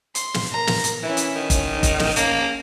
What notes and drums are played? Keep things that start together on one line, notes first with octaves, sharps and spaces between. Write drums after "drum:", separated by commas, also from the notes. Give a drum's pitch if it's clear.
C6, drum: hi-hat
drum: snare
A#4 A#5
drum: snare
drum: hi-hat
E3 C#4 E4
drum: hi-hat
D#3
drum: kick G1, hi-hat
C#4 D#4
drum: kick G1, hi-hat
drum: snare
A#3 C#4, drum: hi-hat